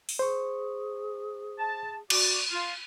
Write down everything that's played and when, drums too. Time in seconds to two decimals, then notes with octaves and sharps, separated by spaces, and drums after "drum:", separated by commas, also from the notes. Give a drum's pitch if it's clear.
0.09 drum: open hi-hat
0.19 G#4 C5 C#6
1.58 A5
2.10 F#4 D5, drum: cymbal
2.51 F4